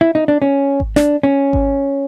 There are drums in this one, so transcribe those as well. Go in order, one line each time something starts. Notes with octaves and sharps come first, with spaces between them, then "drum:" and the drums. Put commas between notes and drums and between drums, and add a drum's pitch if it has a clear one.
E4
D#4
D4
C#4
drum: kick G#1
D4, drum: snare
C#4
drum: kick G#1